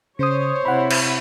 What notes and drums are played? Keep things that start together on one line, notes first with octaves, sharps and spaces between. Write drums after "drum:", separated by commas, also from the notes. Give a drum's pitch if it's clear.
C#3 C5 C#5 D#6
C3 E4 F#5 B5
drum: cymbal